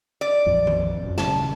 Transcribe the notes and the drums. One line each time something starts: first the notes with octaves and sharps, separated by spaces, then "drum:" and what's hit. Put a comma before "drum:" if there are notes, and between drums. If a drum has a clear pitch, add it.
D5
A#1 F2 F3
drum: tom D#3
E1 F#2
D#1 C#3 A5, drum: snare